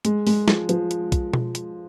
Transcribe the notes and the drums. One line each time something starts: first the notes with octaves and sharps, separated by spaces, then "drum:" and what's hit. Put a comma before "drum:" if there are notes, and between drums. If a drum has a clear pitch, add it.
G#3, drum: hi-hat
G#3, drum: open hi-hat
F3, drum: snare
F3, drum: hi-hat
drum: hi-hat
drum: kick, hi-hat
drum: tom B2
drum: hi-hat